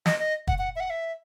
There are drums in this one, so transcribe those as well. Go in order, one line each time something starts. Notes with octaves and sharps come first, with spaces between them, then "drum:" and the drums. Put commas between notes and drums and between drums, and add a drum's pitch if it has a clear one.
D#5, drum: snare
D#5
F#5, drum: kick
F#5
E5
F#5
E5